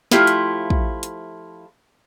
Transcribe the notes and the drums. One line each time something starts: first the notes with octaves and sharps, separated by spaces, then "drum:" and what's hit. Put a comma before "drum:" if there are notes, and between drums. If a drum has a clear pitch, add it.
F3 A3 E4 F4 G4, drum: snare
drum: hi-hat
drum: kick
drum: hi-hat